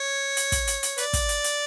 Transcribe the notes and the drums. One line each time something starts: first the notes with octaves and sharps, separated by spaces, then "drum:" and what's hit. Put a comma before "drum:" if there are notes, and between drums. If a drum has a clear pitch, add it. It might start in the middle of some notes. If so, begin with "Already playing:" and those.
Already playing: C#5
drum: hi-hat
drum: kick, hi-hat
drum: hi-hat
drum: hi-hat
B4 D5, drum: hi-hat
drum: kick, hi-hat
drum: hi-hat
drum: hi-hat